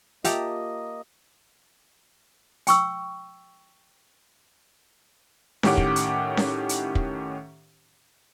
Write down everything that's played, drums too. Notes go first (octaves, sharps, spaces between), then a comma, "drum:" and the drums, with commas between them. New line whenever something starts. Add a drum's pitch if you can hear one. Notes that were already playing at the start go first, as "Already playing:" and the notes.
A#3 F4 G4 D#5 E5 A5 A#5, drum: hi-hat
G5 C#6 E6, drum: hi-hat
A2 D#3 C#4 G4 F#5 D6, drum: snare C#4
drum: kick
drum: hi-hat
drum: snare C#4
drum: hi-hat
drum: kick